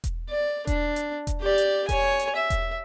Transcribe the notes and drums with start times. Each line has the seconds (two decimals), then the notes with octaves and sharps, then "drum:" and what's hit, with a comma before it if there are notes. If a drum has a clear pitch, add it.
0.04 drum: kick E1, hi-hat
0.29 D5
0.67 D4, drum: kick E1, hi-hat
0.96 drum: hi-hat
1.27 drum: kick E1, hi-hat
1.41 G4 D5
1.58 drum: hi-hat
1.89 C#5 G#5, drum: kick E1, hi-hat
2.19 drum: hi-hat
2.36 E5
2.50 drum: kick E1, hi-hat